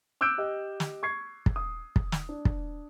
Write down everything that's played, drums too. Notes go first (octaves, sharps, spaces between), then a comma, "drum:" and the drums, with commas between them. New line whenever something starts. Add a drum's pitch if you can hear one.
D6 E6 F#6 G6 D7
G4 D#5
drum: snare
C#6 G#6 C7
drum: kick
D#6
drum: kick
drum: snare
D4
drum: kick